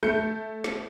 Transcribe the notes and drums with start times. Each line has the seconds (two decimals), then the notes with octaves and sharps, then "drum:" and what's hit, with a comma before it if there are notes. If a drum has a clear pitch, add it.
0.03 A3 G6 C#7
0.64 drum: snare